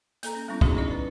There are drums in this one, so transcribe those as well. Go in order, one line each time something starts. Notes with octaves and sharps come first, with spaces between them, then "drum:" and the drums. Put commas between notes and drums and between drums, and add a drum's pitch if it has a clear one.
A#3 A4 A#5, drum: hi-hat
C#4
G3 B3 C#4 E4
B3 D4 D#4 F#4 G#4, drum: kick
C#4 E4 D5 D#5
B4